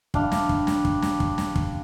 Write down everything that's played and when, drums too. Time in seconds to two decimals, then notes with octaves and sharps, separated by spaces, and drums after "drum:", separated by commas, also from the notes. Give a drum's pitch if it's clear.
0.14 G3 D4 F5, drum: kick
0.32 drum: snare
0.49 drum: kick
0.67 drum: snare
0.85 drum: kick
1.02 drum: snare
1.20 drum: kick
1.38 drum: snare
1.55 drum: kick